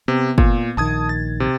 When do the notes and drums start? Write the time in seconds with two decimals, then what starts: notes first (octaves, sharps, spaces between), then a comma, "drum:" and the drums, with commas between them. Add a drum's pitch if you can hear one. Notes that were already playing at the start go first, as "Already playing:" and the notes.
0.08 C3 B3
0.38 A#2, drum: kick
0.77 A#1 D#3 A5 D#6 G#6
1.09 A6
1.40 C3